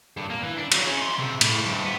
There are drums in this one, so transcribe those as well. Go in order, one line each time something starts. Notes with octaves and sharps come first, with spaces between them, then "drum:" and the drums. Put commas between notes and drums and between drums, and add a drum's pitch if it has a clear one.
G2
A#3
E3
D4
F#3, drum: cymbal
C#4
C6
C3
A2, drum: cymbal
G2
B3